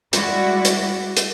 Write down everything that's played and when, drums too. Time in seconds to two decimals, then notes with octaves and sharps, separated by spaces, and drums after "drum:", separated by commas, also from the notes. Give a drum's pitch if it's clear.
0.13 G3 G#3 E4 F#4 D5, drum: hi-hat
0.65 drum: hi-hat
1.17 drum: hi-hat